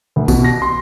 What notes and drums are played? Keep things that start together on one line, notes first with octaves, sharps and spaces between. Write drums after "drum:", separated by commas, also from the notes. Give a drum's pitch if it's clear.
D2
B2, drum: kick B1, tambourine
A#6
C6